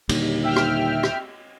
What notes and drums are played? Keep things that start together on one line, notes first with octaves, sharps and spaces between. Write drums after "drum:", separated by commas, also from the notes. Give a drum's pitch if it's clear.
D#2 A#2 D3 G3, drum: cymbal
E5 G5 F6
drum: rim click
drum: rim click